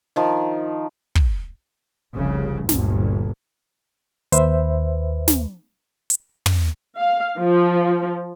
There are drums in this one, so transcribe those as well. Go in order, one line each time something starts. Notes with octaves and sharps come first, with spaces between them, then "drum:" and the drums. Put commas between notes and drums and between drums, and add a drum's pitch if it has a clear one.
D#3 F3
drum: kick
F1 C2 C#3
G1 D2 A#2, drum: snare
D#2 B4 C5 E5, drum: hi-hat
drum: snare
drum: hi-hat
drum: tom
F5
F3